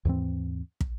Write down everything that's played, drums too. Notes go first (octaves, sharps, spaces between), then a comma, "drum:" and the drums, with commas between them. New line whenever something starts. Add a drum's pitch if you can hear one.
D#2 G#2 E3 C4
drum: kick